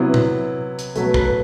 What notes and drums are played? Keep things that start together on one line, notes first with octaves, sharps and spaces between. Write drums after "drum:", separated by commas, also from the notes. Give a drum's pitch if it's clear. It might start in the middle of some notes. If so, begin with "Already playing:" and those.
Already playing: C3 F#3 B3 E4
drum: tom A#2
drum: hi-hat
B2 F#3 A3 B4, drum: hi-hat
B4, drum: kick
B4